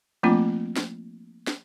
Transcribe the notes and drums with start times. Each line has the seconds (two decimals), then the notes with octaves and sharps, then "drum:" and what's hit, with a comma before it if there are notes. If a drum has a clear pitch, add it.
0.23 F3 A3 A#3 C4 D4 F4
0.76 drum: snare
1.47 drum: snare